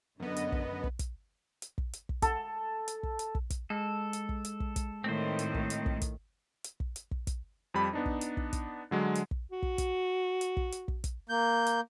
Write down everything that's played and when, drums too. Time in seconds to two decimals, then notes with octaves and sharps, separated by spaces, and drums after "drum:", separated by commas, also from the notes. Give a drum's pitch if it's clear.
0.20 F#2 D3 B3 D#5
0.36 drum: hi-hat
0.52 drum: kick
0.84 drum: kick
0.99 drum: kick, hi-hat
1.62 drum: hi-hat
1.78 drum: kick
1.93 drum: hi-hat
2.09 drum: kick
2.22 A4, drum: kick, hi-hat
2.88 drum: hi-hat
3.03 drum: kick
3.19 drum: hi-hat
3.35 drum: kick
3.50 drum: kick, hi-hat
3.70 G#3 A4
4.13 drum: hi-hat
4.29 drum: kick
4.45 drum: hi-hat
4.60 drum: kick
4.76 drum: kick, hi-hat
5.04 A2 D#3 C4 C5
5.39 drum: hi-hat
5.54 drum: kick
5.70 drum: hi-hat
5.86 drum: kick
6.01 drum: kick, hi-hat
6.64 drum: hi-hat
6.80 drum: kick
6.96 drum: hi-hat
7.11 drum: kick
7.27 drum: kick, hi-hat
7.74 F2 G3 B5
7.93 B3 D4 D#4
8.06 drum: kick
8.21 drum: hi-hat
8.37 drum: kick
8.53 drum: kick, hi-hat
8.91 D3 F#3 G#3
9.15 drum: hi-hat
9.31 drum: kick
9.52 F#4
9.62 drum: kick
9.78 drum: kick, hi-hat
10.41 drum: hi-hat
10.57 drum: kick
10.72 drum: hi-hat
10.88 drum: kick
11.04 drum: kick, hi-hat
11.29 A#3 G6
11.67 drum: hi-hat